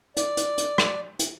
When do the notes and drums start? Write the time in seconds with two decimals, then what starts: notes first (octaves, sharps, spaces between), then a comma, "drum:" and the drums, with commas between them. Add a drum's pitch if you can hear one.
0.17 D5, drum: hi-hat
0.37 drum: hi-hat
0.58 drum: hi-hat
0.78 drum: rim click
1.19 drum: hi-hat